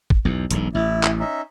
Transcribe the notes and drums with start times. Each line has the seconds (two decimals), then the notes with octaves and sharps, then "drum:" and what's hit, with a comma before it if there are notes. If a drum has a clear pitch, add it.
0.10 drum: kick
0.25 B1 E2
0.51 E1 B1 G#2, drum: hi-hat
0.75 A1 E4
1.03 drum: clap
1.20 C#4 D#4 E5